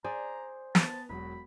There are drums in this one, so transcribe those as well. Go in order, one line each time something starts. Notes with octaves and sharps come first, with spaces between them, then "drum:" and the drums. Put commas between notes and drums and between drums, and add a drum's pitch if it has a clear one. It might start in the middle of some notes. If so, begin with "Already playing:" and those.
G#4 C5 D5 A#5
B3 A5, drum: snare
E1 F#3 F#4 B5